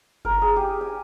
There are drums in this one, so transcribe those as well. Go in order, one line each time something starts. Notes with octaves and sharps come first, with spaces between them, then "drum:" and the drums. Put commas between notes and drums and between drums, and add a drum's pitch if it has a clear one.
A#4, drum: kick G1
G#4
G4
G#5